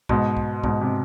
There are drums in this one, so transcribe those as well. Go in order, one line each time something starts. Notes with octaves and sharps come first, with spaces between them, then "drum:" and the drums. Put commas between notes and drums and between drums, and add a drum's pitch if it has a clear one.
G#2 B2, drum: kick
drum: kick
G#2 B2, drum: kick
C3